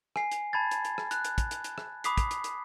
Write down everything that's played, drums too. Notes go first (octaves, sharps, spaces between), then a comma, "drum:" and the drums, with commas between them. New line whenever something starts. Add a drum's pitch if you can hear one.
G#5 C7, drum: rim click
drum: hi-hat
A5 B5 G#6 A6
drum: hi-hat
drum: hi-hat
drum: rim click
F#6, drum: hi-hat
drum: hi-hat
drum: kick, hi-hat
drum: hi-hat
drum: hi-hat
drum: rim click
B5 D6 D#6 B6 C7, drum: hi-hat
drum: kick, hi-hat
drum: hi-hat
drum: hi-hat